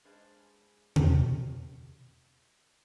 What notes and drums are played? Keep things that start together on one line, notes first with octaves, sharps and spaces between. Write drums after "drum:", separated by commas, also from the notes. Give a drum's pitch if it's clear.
G#3 D4 G#4 B4 C5 F5
drum: tom B2